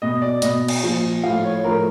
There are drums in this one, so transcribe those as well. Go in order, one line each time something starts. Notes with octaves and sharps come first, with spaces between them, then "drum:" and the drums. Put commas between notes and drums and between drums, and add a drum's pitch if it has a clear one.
B2 D#5
D5
B2 D#5, drum: hi-hat
drum: cymbal
A#2 F3
A2 F3 F5
C#5
A2 F3 A#4